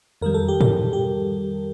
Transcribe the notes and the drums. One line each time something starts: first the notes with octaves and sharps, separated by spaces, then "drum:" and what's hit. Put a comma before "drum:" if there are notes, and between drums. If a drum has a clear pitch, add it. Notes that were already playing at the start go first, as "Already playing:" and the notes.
F2 D#3 G3 A#4
A4
G4
A4, drum: tom G#2
G4